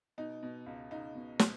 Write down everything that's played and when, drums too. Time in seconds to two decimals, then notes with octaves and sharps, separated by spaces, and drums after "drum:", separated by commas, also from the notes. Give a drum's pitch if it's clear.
0.18 B2 D#4
0.43 B2
0.66 C#2
0.91 C#2 D#4
1.15 B2
1.39 B2, drum: snare